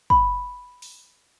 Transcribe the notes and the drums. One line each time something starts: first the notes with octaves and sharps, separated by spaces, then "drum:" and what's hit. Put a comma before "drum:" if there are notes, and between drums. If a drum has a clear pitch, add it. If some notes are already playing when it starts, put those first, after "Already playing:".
B5, drum: kick
drum: open hi-hat